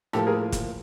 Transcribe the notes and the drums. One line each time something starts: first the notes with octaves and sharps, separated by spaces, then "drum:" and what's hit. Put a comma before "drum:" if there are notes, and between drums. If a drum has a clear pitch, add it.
A2 F3 A#3 G4 A4, drum: rim click
G#4 A#4
drum: kick, hi-hat